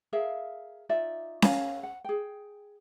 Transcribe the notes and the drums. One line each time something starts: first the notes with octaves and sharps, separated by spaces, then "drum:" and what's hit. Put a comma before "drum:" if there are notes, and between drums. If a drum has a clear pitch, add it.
G#4 A#4 E5 F5
D#4 F4 D5 E5
A#4 C#5 F5 G#5, drum: snare C#4
F#5
G#4 G5